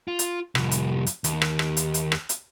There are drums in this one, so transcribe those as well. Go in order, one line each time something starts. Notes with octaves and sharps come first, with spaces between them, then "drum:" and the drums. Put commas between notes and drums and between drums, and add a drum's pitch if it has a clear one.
F4
drum: hi-hat
C2 F2, drum: rim click
drum: hi-hat
drum: hi-hat
D#2, drum: hi-hat
drum: rim click
drum: rim click
drum: hi-hat
drum: hi-hat
drum: rim click
drum: hi-hat